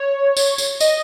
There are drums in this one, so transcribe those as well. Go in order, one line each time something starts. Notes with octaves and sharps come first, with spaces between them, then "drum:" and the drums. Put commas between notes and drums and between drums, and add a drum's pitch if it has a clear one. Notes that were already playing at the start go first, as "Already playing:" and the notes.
Already playing: C#5
drum: tambourine
drum: tambourine
D#5, drum: tambourine